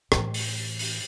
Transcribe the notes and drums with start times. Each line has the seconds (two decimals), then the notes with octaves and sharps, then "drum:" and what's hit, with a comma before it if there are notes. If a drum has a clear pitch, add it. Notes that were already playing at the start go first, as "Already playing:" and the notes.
0.12 A2 E3, drum: rim click
0.34 drum: open hi-hat
0.79 drum: open hi-hat